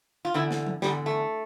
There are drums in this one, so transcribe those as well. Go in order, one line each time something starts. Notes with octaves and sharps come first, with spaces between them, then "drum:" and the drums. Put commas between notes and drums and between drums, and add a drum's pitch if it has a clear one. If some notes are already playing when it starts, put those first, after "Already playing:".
F4
E2 D3 E4
drum: snare
drum: tom F3
E2 D3 G3, drum: snare
A3